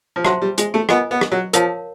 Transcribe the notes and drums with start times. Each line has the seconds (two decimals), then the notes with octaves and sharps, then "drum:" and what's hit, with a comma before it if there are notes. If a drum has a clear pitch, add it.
0.16 F3
0.25 F#3 C5 E5 A5 C6, drum: rim click
0.42 G3
0.58 G#3, drum: hi-hat
0.74 A3
0.89 B3 F4 A#4 D#5 G#5, drum: rim click
1.11 B3
1.21 drum: rim click
1.32 F#3
1.53 F3 A#4 C#5 F5 A5, drum: hi-hat